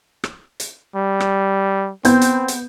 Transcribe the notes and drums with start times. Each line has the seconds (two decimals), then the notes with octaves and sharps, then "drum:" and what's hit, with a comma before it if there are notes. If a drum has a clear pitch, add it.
0.24 drum: rim click
0.60 drum: hi-hat
0.95 G3
1.20 drum: rim click
2.05 B3 C4 G6, drum: hi-hat
2.21 drum: hi-hat
2.48 drum: hi-hat